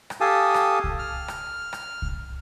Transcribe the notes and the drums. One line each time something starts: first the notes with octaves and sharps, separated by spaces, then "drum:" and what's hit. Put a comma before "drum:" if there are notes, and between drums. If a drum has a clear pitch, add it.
drum: rim click
G4 A4 F5 G#5 A5 D#6
drum: rim click
drum: kick C2
F6
drum: rim click
drum: rim click
drum: kick C2